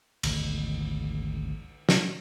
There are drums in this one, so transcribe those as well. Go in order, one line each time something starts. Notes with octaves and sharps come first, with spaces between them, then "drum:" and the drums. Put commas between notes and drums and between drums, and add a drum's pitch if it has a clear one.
G#1 D2, drum: cymbal
drum: snare